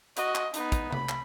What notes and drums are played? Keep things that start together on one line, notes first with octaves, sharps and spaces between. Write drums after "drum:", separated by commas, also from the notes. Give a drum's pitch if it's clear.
F#4 D#5, drum: hi-hat
drum: clap
B3 D#4, drum: hi-hat
drum: kick, hi-hat
B5, drum: tom C3
drum: clap